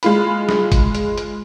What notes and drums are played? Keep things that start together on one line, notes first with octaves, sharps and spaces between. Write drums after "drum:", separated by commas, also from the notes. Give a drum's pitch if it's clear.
G#3 F4 B5, drum: hi-hat
drum: snare
drum: kick G1, hi-hat
drum: hi-hat
drum: hi-hat